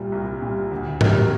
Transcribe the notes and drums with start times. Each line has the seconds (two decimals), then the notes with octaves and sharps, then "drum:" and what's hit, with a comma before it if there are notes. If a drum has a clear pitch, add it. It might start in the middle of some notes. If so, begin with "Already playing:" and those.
Already playing: C2 A#2 G3
0.12 C2
0.42 A#2 G3
0.71 D2
1.01 C3 D#3 G3 A#3, drum: tom G#2